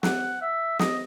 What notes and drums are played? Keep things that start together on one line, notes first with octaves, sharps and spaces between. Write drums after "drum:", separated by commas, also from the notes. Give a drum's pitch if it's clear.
F#5, drum: snare
E5
D#5, drum: snare